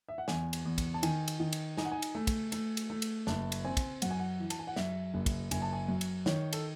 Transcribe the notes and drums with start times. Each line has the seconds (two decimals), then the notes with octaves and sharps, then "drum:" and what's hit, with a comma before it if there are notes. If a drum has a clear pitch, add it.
0.09 E5
0.18 F#5
0.28 E2 G#5, drum: snare
0.53 drum: cymbal
0.65 E2
0.78 drum: kick, cymbal
0.94 A5
1.03 D#3 G#5, drum: cymbal
1.28 drum: cymbal
1.40 D#3
1.53 drum: cymbal
1.77 D#4 G#5, drum: snare
1.85 F#5
1.91 G#5
2.02 drum: cymbal
2.15 A3
2.27 drum: kick, cymbal
2.52 A3, drum: cymbal
2.77 drum: cymbal
2.90 A3
3.02 drum: cymbal
3.27 F#1 A5, drum: snare
3.52 drum: cymbal
3.64 C4 G#5
3.77 drum: kick, cymbal
4.02 F#2 F#5, drum: cymbal
4.11 G#5
4.19 F#5
4.39 E3
4.50 A5, drum: cymbal
4.59 G#5
4.67 F#5
4.76 F#2 E5, drum: snare
5.14 F#1
5.26 drum: kick, cymbal
5.51 F#1 G#5, drum: cymbal
5.62 A5
5.73 G#5
5.88 F#2
6.01 drum: cymbal
6.26 D#3 C#5, drum: snare
6.53 A4, drum: cymbal